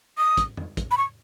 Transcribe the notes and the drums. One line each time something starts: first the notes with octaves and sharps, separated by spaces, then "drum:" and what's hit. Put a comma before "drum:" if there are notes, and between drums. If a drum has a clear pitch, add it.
D#6
drum: kick, hi-hat
drum: tom F2
drum: kick, hi-hat
B5
C#6